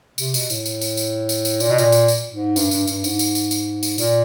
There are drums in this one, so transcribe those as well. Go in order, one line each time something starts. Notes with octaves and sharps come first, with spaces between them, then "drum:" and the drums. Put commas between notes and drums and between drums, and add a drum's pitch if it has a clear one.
C3, drum: tambourine
B2, drum: tambourine
A2, drum: tambourine
drum: tambourine
drum: tambourine
drum: tambourine
drum: tambourine
drum: tambourine
A#2, drum: tambourine
B2
A#2, drum: tambourine
drum: tambourine
drum: tambourine
G#2
G2, drum: tambourine
G2, drum: tambourine
G2, drum: tambourine
G#2, drum: tambourine
drum: tambourine
drum: tambourine
drum: tambourine
drum: tambourine
A#2, drum: tambourine